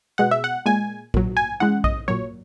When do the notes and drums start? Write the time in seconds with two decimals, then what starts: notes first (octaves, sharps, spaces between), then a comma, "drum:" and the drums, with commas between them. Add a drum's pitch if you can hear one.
0.18 B2 G#3 F#5
0.31 E5
0.44 F#5
0.66 A#2 G#3 G#5
1.14 A#2 F#3, drum: kick A#1
1.37 G#5
1.60 C#3 E3 G#3 F#5
1.84 D#5, drum: kick A#1
2.08 A#2 F#3 C#5